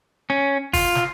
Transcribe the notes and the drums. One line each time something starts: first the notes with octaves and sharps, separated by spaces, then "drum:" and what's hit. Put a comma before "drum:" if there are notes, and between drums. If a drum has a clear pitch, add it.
C#4
F4, drum: kick, open hi-hat
drum: snare